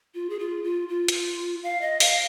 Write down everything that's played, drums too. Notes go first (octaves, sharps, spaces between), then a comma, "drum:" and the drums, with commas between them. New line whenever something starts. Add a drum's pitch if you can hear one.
F4
G#4
F4
F4
F4
drum: hi-hat
F5
D#5
F5, drum: open hi-hat